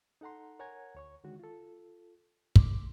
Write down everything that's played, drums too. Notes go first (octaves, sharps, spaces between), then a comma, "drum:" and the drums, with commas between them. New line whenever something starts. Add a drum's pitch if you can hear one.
D#4 A4 F#5 A#5 C6
A#4 C#5 F#5 G#5 A#5 G#6
D2 C#5 C#6
D3 D#3 G#3 F#4
F4 A4
C6 D6, drum: kick